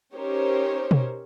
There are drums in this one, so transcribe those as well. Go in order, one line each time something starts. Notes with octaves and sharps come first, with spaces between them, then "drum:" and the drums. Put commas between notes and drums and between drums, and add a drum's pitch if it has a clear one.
C#4 D#4 G4 A#4 C5 C#5
drum: tom B2